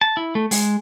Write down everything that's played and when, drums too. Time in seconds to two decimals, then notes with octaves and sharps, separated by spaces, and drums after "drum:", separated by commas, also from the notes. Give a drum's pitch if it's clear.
0.01 A5
0.17 E4
0.35 A3
0.51 G#3, drum: open hi-hat